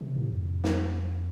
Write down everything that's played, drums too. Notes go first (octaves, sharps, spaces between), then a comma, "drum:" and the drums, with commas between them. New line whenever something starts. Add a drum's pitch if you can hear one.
C3
A2
F2
drum: snare